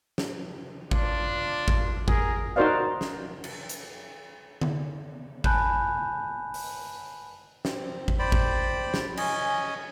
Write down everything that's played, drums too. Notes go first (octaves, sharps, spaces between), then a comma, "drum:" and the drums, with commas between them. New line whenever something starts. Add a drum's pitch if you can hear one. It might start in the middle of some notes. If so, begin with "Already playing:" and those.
drum: snare
D4 F4, drum: kick G#1
drum: kick G#1
G#4 A#4, drum: kick G#1
D#4 F#4 A#4 C5 D5 F5
drum: snare
drum: cymbal
drum: hi-hat
drum: tom D3
G#5 A5 B5 F#6 G6, drum: kick G#1
drum: open hi-hat
C4, drum: snare
drum: kick G#1
C5 D5 G5 B5
drum: kick G#1
drum: snare
C#4 D#5 G#5, drum: cymbal